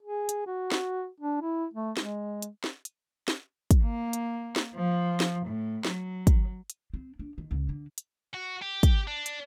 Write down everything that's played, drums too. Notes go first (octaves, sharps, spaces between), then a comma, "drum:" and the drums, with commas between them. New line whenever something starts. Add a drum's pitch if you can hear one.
G#4
drum: hi-hat
F#4
drum: snare
D4
E4
A3
G#3, drum: snare
drum: hi-hat
drum: snare
drum: hi-hat
drum: snare
drum: kick, hi-hat
A#3
drum: hi-hat
drum: snare
F3
drum: snare
A2
F#3, drum: snare
drum: kick, hi-hat
drum: hi-hat
C4
D4
D#3
C#2
D3
drum: hi-hat
F#4
G4
drum: kick, hi-hat
D4
drum: hi-hat